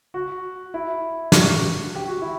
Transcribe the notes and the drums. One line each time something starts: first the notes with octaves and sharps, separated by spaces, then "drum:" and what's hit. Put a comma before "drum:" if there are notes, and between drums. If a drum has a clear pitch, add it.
F#4
E4
F#4, drum: snare
G4
F#4
E4